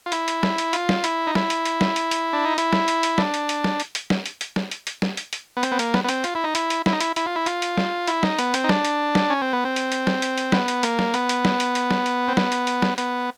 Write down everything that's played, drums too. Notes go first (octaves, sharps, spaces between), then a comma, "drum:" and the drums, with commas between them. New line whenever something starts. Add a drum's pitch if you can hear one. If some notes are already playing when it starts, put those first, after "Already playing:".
F4
E4, drum: hi-hat
drum: hi-hat
drum: snare
drum: hi-hat
F4, drum: hi-hat
drum: snare
E4, drum: hi-hat
D#4
E4, drum: snare
drum: hi-hat
drum: hi-hat
drum: snare
drum: hi-hat
drum: hi-hat
D4
D#4
E4, drum: hi-hat
drum: snare
drum: hi-hat
drum: hi-hat
D4, drum: snare
drum: hi-hat
drum: hi-hat
drum: snare
drum: hi-hat
drum: hi-hat
drum: snare
drum: hi-hat
drum: hi-hat
drum: snare
drum: hi-hat
drum: hi-hat
drum: snare
drum: hi-hat
drum: hi-hat
B3
C4, drum: hi-hat
B3
A#3, drum: hi-hat
B3, drum: snare
B3
C4, drum: hi-hat
F4, drum: hi-hat
E4
D#4
E4, drum: hi-hat
drum: hi-hat
E4, drum: snare
D#4
E4, drum: hi-hat
E4, drum: hi-hat
F4
E4
F4, drum: hi-hat
drum: hi-hat
drum: snare
E4, drum: hi-hat
D#4, drum: snare
B3, drum: hi-hat
C4, drum: hi-hat
D#4
D4, drum: snare
drum: hi-hat
drum: snare
C#4
C4
B3
C4
drum: hi-hat
drum: hi-hat
drum: snare
drum: hi-hat
drum: hi-hat
B3, drum: snare
drum: hi-hat
A#3, drum: hi-hat
drum: snare
B3, drum: hi-hat
drum: hi-hat
drum: snare
drum: hi-hat
drum: hi-hat
drum: snare
drum: hi-hat
C4
B3, drum: snare
drum: hi-hat
drum: hi-hat
drum: snare
B3, drum: hi-hat